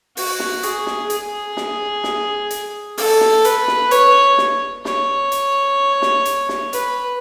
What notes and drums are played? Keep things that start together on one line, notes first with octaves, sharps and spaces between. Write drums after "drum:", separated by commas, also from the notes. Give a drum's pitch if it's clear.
F#4, drum: open hi-hat
drum: snare
G#4, drum: hi-hat
drum: snare
G#4, drum: hi-hat
drum: snare
drum: snare
drum: hi-hat
A4, drum: open hi-hat
drum: snare
B4, drum: hi-hat
drum: snare
C#5, drum: hi-hat
drum: snare
C#5, drum: snare
drum: hi-hat
drum: snare
drum: hi-hat
drum: snare
B4, drum: hi-hat